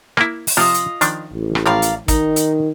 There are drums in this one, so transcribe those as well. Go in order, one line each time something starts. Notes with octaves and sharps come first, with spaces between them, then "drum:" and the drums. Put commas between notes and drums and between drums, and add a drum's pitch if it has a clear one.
A#3 E4, drum: rim click
drum: open hi-hat
C3 F3 F4 D#5
drum: hi-hat
D#3 F3 D4, drum: hi-hat
A1
drum: rim click
A2 F3 A#4 D5 F5
drum: hi-hat
D#3 D#4, drum: kick, hi-hat
drum: hi-hat